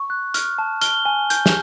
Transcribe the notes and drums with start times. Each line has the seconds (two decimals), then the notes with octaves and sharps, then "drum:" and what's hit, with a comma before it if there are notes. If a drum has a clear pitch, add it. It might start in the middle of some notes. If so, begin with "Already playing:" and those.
Already playing: C#6
0.10 F#6
0.34 F6, drum: hi-hat
0.58 A5
0.81 F6 G7, drum: hi-hat
1.05 G#5
1.30 G6, drum: hi-hat
1.46 drum: snare